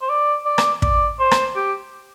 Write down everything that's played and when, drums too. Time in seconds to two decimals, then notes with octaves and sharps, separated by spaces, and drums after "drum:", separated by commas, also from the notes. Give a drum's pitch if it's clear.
0.02 C5
0.09 D5
0.45 D5
0.58 drum: rim click
0.82 D5, drum: kick
1.20 C5
1.31 drum: rim click
1.56 G4